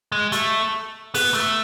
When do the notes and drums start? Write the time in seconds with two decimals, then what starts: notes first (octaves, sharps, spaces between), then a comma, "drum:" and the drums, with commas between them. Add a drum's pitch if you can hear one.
0.12 G#3
0.32 A3, drum: hi-hat
1.14 B3, drum: open hi-hat
1.34 A3